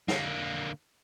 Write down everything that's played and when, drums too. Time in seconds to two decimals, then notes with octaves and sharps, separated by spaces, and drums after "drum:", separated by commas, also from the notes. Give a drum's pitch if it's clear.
0.08 D3 A#3, drum: snare